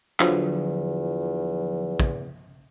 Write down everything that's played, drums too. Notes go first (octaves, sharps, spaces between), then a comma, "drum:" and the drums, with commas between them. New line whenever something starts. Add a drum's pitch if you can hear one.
E2 D3 F3 F#3, drum: clap
drum: kick